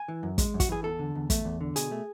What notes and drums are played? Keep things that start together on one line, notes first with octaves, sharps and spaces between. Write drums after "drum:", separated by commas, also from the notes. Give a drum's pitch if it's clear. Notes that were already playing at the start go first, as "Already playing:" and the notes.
Already playing: G#5
E3
F#2
G#3, drum: kick, hi-hat
F#2
F#4, drum: kick, hi-hat
E3 G#4
E2 A4
D3
E2
A3, drum: kick, hi-hat
E2
D3
B2 G#4, drum: hi-hat
A3